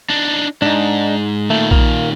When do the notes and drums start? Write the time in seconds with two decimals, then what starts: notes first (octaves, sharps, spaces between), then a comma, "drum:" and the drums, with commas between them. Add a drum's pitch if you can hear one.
0.10 D4 D#4
0.62 G#2 D4 D#4
1.50 A#2 D#3 A3
1.71 A#3, drum: kick A#1